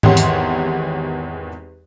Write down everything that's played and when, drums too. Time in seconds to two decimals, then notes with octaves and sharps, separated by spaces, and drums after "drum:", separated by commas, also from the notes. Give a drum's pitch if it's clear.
0.03 G#1 E2 G4 C#5 F#5 C6, drum: tom G#2
0.17 drum: hi-hat